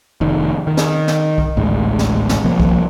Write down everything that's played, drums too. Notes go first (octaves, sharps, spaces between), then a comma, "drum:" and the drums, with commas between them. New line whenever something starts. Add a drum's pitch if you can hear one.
F1 D#3
D#3
drum: snare
drum: snare
drum: kick B1
A1 D2 G#2
drum: snare
drum: snare
C2 F3 A#3
drum: kick B1